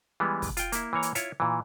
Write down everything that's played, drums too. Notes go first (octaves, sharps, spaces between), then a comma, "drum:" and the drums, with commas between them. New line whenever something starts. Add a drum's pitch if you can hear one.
E3 G3 G#3 B3
drum: kick, open hi-hat
F4 G5, drum: hi-hat
A#3 E4, drum: hi-hat
E3 A#3 C#5 A#5
drum: hi-hat
E4 F4 C#5, drum: hi-hat
A#2 E3